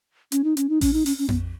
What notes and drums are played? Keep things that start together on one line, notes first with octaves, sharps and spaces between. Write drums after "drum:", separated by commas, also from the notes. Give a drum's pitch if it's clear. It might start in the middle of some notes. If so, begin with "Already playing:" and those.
C#4, drum: hi-hat
D#4
C#4, drum: hi-hat
D#4
C#4, drum: kick A1, open hi-hat
D#4
C#4, drum: open hi-hat
C#4
B3, drum: tom F2